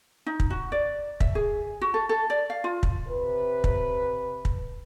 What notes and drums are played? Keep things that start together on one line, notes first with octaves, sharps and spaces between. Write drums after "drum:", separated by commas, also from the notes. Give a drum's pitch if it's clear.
D#4
drum: kick
F#4
D5
E5, drum: kick
G#4
F#4
A4
A4
D5
F5
F4
drum: kick
C3 B4
drum: kick
drum: kick